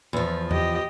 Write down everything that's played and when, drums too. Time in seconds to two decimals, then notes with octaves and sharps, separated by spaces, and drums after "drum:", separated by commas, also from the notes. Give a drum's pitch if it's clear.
0.13 E2 F3
0.51 G4 D#5, drum: tom E2